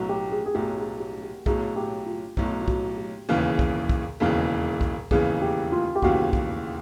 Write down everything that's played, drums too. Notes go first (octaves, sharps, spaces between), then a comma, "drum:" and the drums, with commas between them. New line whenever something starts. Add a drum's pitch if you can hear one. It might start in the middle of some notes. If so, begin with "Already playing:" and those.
Already playing: B1 A2 F#3 F#4
G4
G#4
G#4
B1 A2 F#3 G4
G#4
G4
G4
B1 A2 F#3 G#4, drum: kick B1
G4
F4
B1 A2 F#3 F#4, drum: kick B1
F4
F#4, drum: kick B1
G4
E1 D#2 C#3 E3
drum: kick B1
drum: kick B1
E1 D#2 C#3 E3
drum: kick B1
E1 D#2 C#3 E3 G#4, drum: kick B1
G4
F4
G4
E1 D#2 C#3 E3 F#4, drum: kick B1
drum: kick B1